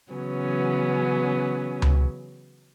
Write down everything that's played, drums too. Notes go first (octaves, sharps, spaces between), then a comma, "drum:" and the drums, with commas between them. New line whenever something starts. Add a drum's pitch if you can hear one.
C#3 E3 F#3 B3 C#4
drum: tom C#2